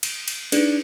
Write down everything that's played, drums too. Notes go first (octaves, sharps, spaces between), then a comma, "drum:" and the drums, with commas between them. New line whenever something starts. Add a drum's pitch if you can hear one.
drum: cymbal
drum: cymbal
D4 D#4 G#4 B4, drum: cymbal